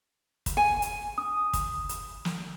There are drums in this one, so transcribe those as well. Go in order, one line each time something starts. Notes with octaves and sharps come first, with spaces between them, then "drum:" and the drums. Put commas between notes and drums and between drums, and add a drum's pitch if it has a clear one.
drum: kick, hi-hat
G#5
drum: hi-hat
D#6
drum: kick, hi-hat
drum: hi-hat
drum: snare